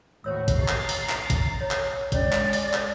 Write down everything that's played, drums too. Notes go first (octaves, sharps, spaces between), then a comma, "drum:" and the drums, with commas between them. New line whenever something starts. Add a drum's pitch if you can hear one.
D#2 A2 F#4 C5 C#5 E6
drum: kick, hi-hat
G4 A#5 A6 C7
drum: clap
drum: open hi-hat
drum: clap
drum: kick, hi-hat
C#5
drum: clap
G#3 C#4 C#5 D5, drum: kick, hi-hat
drum: clap
drum: open hi-hat
drum: clap